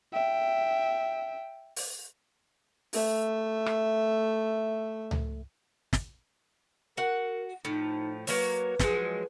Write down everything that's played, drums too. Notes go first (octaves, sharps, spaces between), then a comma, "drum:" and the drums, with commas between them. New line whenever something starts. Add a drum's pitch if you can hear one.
E5 G5
drum: open hi-hat
A3 E5, drum: open hi-hat
drum: rim click
drum: tom C#2
drum: snare
F#4 A#4 F#5
A2 F3 D#4
F#3 A#3 B4 C#5, drum: open hi-hat
F3 F#3 G#3, drum: snare